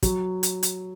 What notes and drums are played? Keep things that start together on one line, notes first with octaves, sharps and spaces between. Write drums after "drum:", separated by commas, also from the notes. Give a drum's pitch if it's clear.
F#3, drum: kick, hi-hat
drum: hi-hat
drum: hi-hat